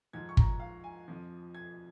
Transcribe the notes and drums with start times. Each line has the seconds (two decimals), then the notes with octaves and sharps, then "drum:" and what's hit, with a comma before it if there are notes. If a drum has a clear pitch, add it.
0.13 G#2 F3 G#6
0.29 C#6
0.37 A#5, drum: kick
0.60 F5
0.84 G#5
1.08 F2 F3
1.55 G#6